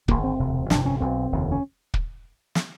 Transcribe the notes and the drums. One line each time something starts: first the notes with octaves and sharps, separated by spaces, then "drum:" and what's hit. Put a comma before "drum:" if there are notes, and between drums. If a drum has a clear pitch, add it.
G#1 F#2 D3 A#3, drum: kick
C4
E1 D2 C3
G1 F2 C3 D4, drum: snare
C#4
B1 B2 C4
F1 D#2 C#3
C#4
drum: kick
drum: snare